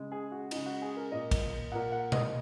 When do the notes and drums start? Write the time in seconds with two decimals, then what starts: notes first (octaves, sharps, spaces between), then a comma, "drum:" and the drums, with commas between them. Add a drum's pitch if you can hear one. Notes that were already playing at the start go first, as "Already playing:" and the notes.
Already playing: C#3 G#3
0.12 G#4
0.32 F#4
0.51 C#3 G#3 D#4, drum: cymbal
0.66 F#4
0.82 G#4
0.97 A#4
1.12 A#2 A#3 D#5
1.31 drum: kick, cymbal
1.72 A#2 A#3 F#5
1.92 F#5
2.12 D#5, drum: tom B2